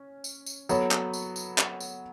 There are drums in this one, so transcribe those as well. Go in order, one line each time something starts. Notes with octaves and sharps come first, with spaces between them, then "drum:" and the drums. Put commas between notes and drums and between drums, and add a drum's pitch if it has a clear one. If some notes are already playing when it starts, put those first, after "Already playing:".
Already playing: C#4
drum: tambourine
drum: tambourine
F#3 B3 A4 C#5, drum: tambourine
drum: clap
drum: tambourine
drum: tambourine
drum: clap
drum: tambourine